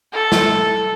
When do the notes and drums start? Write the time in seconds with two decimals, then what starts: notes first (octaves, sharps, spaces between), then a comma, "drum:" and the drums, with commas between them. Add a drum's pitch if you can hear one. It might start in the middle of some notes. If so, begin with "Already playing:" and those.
0.13 A4
0.32 drum: snare